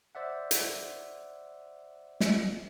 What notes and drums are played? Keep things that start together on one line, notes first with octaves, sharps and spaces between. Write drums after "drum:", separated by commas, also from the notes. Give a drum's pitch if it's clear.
C5 D5 E5 F#5
drum: hi-hat
drum: snare